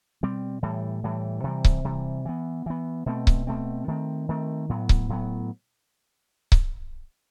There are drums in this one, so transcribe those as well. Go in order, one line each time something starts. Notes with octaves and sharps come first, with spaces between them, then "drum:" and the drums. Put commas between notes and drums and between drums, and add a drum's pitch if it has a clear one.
B2 G3 C4
A2 E3 G3
A2 E3 G3
C3 E3 G3
drum: kick C#1
C3 E3 G3
E3 B3
E3 B3
B2 A3 C4
drum: kick C#1
B2 A3 C4
D#3 A3 C4
D#3 A3 C4
A2 F#3 B3
drum: kick C#1
A2 F#3 B3
drum: kick C#1